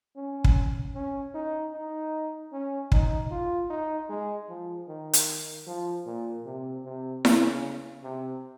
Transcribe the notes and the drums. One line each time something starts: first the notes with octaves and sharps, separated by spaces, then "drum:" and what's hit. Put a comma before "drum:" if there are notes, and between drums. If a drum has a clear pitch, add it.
C#4
drum: kick
C#4
D#4
D#4
C#4
D#4, drum: kick
F4
D#4
G#3
F3
D#3
drum: hi-hat
F3
A#2
C3
C3
C#3, drum: snare E4
C3